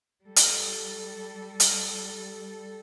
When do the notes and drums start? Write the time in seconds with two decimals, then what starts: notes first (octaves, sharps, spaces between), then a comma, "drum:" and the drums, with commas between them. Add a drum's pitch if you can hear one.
0.25 G3 A4
0.36 drum: hi-hat
1.60 drum: hi-hat